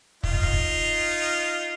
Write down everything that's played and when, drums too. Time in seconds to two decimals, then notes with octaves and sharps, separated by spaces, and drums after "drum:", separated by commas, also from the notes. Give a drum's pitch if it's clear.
0.23 D#4 F4, drum: kick
0.43 drum: kick